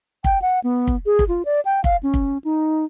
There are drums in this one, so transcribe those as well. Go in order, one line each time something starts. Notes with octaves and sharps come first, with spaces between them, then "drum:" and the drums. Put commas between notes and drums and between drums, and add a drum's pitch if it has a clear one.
G5, drum: kick
F#5
B3
drum: kick
G#4
drum: kick
F4
D5
G5
F5, drum: kick
C#4
drum: kick
D#4